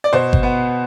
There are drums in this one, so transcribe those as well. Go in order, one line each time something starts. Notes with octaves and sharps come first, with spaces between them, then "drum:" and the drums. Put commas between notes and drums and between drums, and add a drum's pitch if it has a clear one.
D5
B2 C5
drum: kick G1
B3